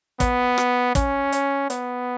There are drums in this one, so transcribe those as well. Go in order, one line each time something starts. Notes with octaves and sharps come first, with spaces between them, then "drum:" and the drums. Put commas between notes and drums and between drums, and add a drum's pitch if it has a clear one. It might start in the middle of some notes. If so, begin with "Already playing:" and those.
B3, drum: kick, hi-hat
drum: rim click
C#4, drum: kick, hi-hat
drum: hi-hat
B3, drum: hi-hat